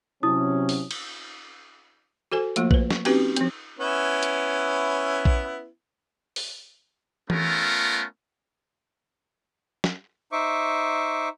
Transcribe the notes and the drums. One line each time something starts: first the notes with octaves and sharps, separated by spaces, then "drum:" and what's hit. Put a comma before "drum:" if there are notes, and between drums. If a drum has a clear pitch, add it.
C3 F#3 C#4 E4 D#6
drum: open hi-hat
drum: cymbal
F#4 A4 C5 G#5
F3 A3 A#3 F4, drum: hi-hat
B4 C5, drum: kick A#1
C#6, drum: snare
C4 C#4 D#4 F#4 G4 B4, drum: cymbal
F3 C4, drum: hi-hat
B3 C#4 E4
drum: hi-hat
drum: kick A#1
drum: open hi-hat
A3 B3 C#4 F4 A4 A#4, drum: tom E3
drum: snare
D#4 C5 E5 C#6 D6